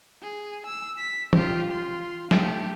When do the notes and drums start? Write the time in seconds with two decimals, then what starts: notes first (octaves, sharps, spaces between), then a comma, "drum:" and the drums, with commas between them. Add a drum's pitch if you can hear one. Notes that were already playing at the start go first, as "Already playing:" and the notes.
0.22 G#4
0.66 E6
0.98 B6
1.33 F4 G4, drum: tom E3
1.72 F4 C6
2.31 A3 G4, drum: snare